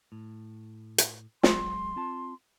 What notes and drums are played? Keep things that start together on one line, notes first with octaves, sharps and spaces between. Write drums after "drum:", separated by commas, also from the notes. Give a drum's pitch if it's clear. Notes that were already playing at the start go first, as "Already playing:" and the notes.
A2
drum: hi-hat
F#3 G#3 C6, drum: snare
C4 F4 A5